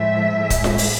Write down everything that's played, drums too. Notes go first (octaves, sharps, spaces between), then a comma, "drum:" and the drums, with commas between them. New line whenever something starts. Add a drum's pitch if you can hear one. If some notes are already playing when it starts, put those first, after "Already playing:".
Already playing: A2 F3 G#3 E5
A2 G#3
drum: kick, hi-hat
drum: snare F4
drum: open hi-hat